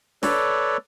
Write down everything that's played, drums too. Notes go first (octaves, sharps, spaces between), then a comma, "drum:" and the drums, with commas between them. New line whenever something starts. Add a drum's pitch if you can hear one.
A4 B4 C#5 D5, drum: snare